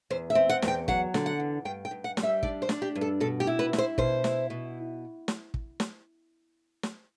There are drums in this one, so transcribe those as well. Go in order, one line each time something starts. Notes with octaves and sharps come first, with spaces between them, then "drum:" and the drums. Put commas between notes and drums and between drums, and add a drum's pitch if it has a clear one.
E2 C5
E5
C4
F#5
E2, drum: snare
G5
F#3 F#5, drum: kick
D3, drum: snare
F#5
E2
G2 G5
G5
G2
F#5
G3, drum: snare
E5
D4 D5, drum: kick
C5
D4, drum: snare
G4
G2
A4
B2 A4
G4
E4
B4
E4, drum: snare
C5
B2 C5, drum: kick
E4, drum: snare
B2
drum: snare
drum: kick
drum: snare
drum: snare